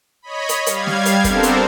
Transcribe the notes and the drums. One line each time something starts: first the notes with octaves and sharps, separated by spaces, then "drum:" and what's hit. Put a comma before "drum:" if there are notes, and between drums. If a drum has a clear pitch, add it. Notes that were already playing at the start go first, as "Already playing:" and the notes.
C#5 D#5 B5
drum: hi-hat
G3 F5 G#6, drum: hi-hat
drum: snare
drum: hi-hat
B3 C4 D4 A4 A#4 C5, drum: kick, hi-hat
drum: hi-hat